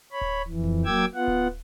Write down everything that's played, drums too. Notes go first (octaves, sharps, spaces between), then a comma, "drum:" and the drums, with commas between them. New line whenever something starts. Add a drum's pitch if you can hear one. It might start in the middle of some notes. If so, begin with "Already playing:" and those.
C#5 B5
drum: kick D1
F2 E3
drum: kick D1
F#3 A#3 G5 D6 E6 G#6
B3 F4 F#5
drum: kick D1